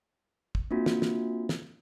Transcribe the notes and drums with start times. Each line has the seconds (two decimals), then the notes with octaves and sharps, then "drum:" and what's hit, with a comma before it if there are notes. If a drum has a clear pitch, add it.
0.55 drum: kick
0.71 A#3 C4 D4 F4 F#4
0.86 drum: snare
1.02 drum: snare
1.49 drum: snare